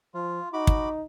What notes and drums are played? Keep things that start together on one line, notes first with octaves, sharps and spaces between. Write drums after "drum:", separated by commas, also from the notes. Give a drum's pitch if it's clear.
F3 F4
D#4 F#4 B5 D6
drum: kick